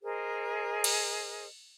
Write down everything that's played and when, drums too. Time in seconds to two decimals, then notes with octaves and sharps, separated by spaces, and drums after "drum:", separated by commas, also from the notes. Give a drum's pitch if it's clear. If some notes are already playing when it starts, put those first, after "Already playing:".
0.03 G#4 A#4 C5 D#5
0.84 drum: cymbal